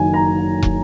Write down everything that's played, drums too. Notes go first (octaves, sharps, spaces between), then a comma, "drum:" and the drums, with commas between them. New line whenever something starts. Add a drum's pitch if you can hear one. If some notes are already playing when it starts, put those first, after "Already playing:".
Already playing: F#1 F#2 D#3 F#3 G#5
A#5
drum: kick